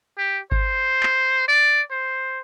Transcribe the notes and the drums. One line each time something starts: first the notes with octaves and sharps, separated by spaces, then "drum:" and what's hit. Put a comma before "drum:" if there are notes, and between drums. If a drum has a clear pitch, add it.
G4
C5, drum: kick G#1
drum: clap
D5
C5